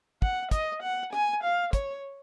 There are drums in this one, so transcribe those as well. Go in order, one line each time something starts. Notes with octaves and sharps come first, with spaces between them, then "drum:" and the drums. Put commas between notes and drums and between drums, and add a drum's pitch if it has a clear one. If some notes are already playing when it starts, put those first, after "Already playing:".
F#5, drum: kick
D#5, drum: kick, hi-hat
F#5
G#5, drum: rim click
F5
C#5, drum: kick, hi-hat